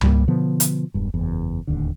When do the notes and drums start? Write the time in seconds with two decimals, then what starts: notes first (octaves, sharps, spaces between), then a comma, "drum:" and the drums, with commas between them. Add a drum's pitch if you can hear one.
0.01 G#2 G3 A#3, drum: tom C#2
0.27 B2 D3 F3 B3
0.60 drum: hi-hat
0.94 E1 G2
1.14 F#1 E2
1.67 D1 D#2 D3